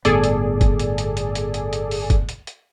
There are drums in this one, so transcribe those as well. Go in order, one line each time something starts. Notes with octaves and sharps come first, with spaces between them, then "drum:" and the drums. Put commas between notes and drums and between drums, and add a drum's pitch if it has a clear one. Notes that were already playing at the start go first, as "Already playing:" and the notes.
G1 A2 B3 G#4 A4 D5, drum: hi-hat
drum: hi-hat
drum: kick, hi-hat
drum: hi-hat
drum: hi-hat
drum: hi-hat
drum: hi-hat
drum: hi-hat
drum: hi-hat
drum: open hi-hat
drum: kick, hi-hat
drum: hi-hat
drum: hi-hat